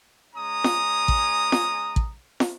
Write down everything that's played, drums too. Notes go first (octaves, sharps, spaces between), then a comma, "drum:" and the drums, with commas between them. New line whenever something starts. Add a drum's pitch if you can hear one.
G#3 C#4 A#5 D#6
drum: snare
drum: kick
drum: snare
drum: kick
drum: snare